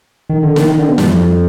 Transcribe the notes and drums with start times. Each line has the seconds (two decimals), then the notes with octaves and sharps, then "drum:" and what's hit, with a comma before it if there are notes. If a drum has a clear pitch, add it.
0.29 D#3
0.43 D3
0.56 D#3, drum: snare
0.69 D#3
0.79 D3
0.88 B2
0.98 G2, drum: snare
1.08 F2